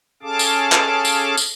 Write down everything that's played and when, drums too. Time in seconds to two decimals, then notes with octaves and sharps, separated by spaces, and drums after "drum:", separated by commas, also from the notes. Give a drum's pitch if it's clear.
0.23 C#4 G#4 A4 F5 A5 D6
0.39 drum: tambourine
0.72 drum: clap
1.05 drum: tambourine
1.37 drum: tambourine